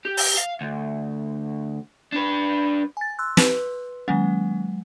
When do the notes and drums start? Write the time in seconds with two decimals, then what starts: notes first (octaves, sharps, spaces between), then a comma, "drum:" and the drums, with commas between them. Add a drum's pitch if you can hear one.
0.05 G4
0.17 drum: open hi-hat
0.37 F5
0.61 D2
2.12 D4 B4
2.97 G#5 A6
3.19 C6 E6 F#6
3.37 B4, drum: snare
4.08 D#3 F#3 G#3 A#3 C#4